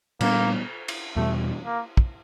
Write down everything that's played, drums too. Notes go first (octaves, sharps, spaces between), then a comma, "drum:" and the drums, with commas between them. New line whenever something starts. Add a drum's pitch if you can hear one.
A#2 G3 A#3 B3 D4, drum: cymbal
drum: cymbal
E2 B2 G3 A3
A#3
drum: kick